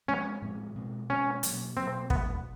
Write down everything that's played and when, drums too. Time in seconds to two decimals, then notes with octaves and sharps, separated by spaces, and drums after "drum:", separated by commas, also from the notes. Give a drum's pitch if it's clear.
0.08 A2 F3 G#3 C4 C#4
0.42 A2 F3 G#3 C4
0.75 B2 G#3 C4
1.09 B2 G#3 C4 C#4
1.43 B2 F#3 A#3, drum: hi-hat
1.76 B2 F#3 A#3 C4
2.10 E2 B2 F#3 A3 B3, drum: kick